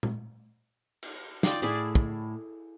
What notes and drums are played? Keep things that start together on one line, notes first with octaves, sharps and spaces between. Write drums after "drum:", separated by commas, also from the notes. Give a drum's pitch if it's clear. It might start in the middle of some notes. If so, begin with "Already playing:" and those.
drum: tom A#2
drum: cymbal
D#4 F4 D5 G5, drum: snare
A2 E4 G#4 D5
drum: kick